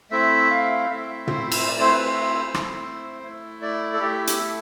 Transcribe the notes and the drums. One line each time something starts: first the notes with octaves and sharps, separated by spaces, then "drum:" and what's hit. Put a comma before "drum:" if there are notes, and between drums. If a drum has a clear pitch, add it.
A3 C4 E4 E5
F5
A3 C4 E4 E5
C5, drum: tom
drum: cymbal
A3 C4 E4 D5
C5
B4
C5
A3 C4 E4
drum: rim click
A3 E4
D5
A4
A3 E4 G4
G4, drum: hi-hat
A4